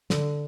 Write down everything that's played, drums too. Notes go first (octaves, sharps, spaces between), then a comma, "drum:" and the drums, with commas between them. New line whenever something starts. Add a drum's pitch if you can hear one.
D3, drum: snare